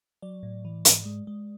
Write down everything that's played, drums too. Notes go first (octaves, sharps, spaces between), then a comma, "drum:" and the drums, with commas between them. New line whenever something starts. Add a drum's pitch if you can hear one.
F#3 D5
A2
E3
G#2, drum: hi-hat
G#3
G#3